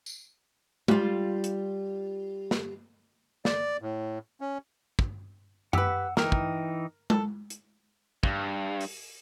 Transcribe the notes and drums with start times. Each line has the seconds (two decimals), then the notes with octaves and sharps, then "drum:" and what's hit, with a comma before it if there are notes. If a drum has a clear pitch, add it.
0.06 drum: tambourine
0.88 G3 F4, drum: tom G#3
1.44 drum: hi-hat
2.51 drum: snare
3.45 D5, drum: snare
3.82 A2
4.41 C#4
4.99 drum: kick
5.73 G4 B4 F#5 E6, drum: tom F#2
6.17 E3 D#4 A#4 G5, drum: snare
6.32 drum: kick
7.10 A4, drum: tom G#3
7.50 drum: hi-hat
8.23 G2, drum: kick
8.81 drum: open hi-hat